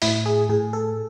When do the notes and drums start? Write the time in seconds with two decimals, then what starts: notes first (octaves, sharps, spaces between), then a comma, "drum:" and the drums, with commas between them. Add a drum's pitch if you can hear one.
0.02 A2 E4, drum: open hi-hat
0.26 G#4
0.49 A2 G#4
0.73 A4